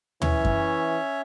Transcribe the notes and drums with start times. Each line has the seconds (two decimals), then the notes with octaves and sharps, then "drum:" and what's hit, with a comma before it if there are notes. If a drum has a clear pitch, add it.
0.22 E3 C#4 C#5 E5, drum: tom
0.45 drum: kick F#2